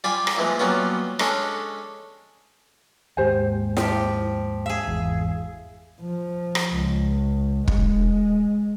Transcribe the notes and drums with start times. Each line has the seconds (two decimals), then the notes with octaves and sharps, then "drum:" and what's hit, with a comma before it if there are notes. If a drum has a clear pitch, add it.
0.04 G3 F4 D5 G#5 B5
0.27 drum: rim click
0.37 A#2 E3 F3 G#3
0.59 F#3 G3 A#3 B3 C#4 F4
1.19 G#3 C#4 D4 A4 C#5, drum: rim click
3.17 D#2 G#2 G4 C5 G#5
3.77 F3 G4 G5, drum: snare E4
4.66 G#4 E5 F5
4.88 G#1 E2
6.01 F3
6.55 drum: rim click
6.75 C#2
7.68 G#3, drum: kick